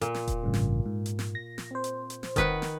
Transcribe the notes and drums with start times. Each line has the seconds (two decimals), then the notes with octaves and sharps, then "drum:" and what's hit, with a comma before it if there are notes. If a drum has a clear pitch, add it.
0.01 A#2, drum: hi-hat
0.14 drum: snare
0.27 drum: kick E1, hi-hat
0.43 A1 G2 C#3
0.54 drum: snare
0.86 G#2
1.06 drum: hi-hat
1.19 drum: snare
1.35 A#6
1.58 drum: snare
1.71 C4 C5
1.84 drum: hi-hat
2.10 drum: hi-hat
2.23 drum: snare
2.36 D#3 B4 F#5, drum: kick E1, hi-hat
2.62 drum: snare